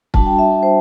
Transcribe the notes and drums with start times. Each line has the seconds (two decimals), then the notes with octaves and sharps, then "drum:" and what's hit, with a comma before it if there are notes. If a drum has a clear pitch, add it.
0.14 G3 D4 F#4 A5, drum: kick
0.26 G5
0.39 E5
0.63 C5